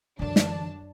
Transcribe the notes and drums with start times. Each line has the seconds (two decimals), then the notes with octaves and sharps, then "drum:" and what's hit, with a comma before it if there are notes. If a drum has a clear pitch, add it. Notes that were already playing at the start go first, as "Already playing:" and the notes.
0.19 F#2 D3 E3 D4 A5
0.36 drum: snare